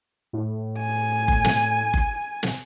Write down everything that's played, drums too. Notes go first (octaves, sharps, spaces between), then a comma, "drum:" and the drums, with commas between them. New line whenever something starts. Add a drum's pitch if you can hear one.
A2
G#5
drum: kick F#1
drum: snare
drum: kick F#1
drum: snare